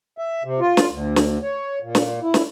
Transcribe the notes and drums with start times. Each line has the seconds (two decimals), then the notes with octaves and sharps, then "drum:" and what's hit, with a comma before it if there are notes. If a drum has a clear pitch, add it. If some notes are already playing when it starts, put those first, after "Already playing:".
0.18 E5
0.44 C3
0.60 F4
0.77 drum: snare
0.90 D2
1.16 drum: snare
1.42 C#5
1.83 A#2
1.95 drum: snare
2.23 E4
2.34 drum: snare